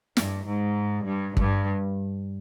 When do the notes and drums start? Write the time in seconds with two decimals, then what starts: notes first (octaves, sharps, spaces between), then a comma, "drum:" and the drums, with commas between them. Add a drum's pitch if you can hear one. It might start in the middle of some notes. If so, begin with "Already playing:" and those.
0.17 G2, drum: snare
0.46 G#2
1.06 G2
1.37 G2, drum: kick